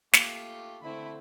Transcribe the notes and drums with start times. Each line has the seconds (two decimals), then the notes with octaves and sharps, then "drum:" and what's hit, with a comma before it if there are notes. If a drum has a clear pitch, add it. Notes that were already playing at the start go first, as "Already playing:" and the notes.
0.13 A3 A#3 F4 G4, drum: snare
0.82 D3 A3 C4 E4 B5